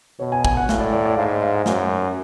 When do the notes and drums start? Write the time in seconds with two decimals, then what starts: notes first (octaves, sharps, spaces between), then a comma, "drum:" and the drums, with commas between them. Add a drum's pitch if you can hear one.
0.19 B2 C#5
0.32 G#5
0.45 G#5, drum: kick
0.57 F#5
0.69 A2 F5, drum: snare
0.80 D5
0.93 D5
1.05 D5
1.17 G#2 F5
1.42 F5
1.66 F#2, drum: snare